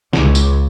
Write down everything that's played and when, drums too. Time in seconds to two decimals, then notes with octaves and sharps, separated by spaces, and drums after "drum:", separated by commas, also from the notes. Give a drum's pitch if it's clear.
0.13 C#2, drum: snare
0.35 drum: tambourine